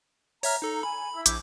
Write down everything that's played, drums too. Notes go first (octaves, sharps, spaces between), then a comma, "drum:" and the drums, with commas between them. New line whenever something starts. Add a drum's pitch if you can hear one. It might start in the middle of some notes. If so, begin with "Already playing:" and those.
C#5 E5 A#5 F6, drum: open hi-hat
D#4 A4
G#5 B5
E4 E6
A#1 D6 G6, drum: hi-hat